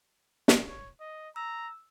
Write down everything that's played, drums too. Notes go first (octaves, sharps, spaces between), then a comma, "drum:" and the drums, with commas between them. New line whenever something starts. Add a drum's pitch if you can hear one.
drum: snare
C#5
D#5
A#5 E6